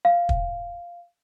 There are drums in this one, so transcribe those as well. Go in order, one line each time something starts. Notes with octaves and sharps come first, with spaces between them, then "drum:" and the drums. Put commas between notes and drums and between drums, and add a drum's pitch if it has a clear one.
F5
drum: kick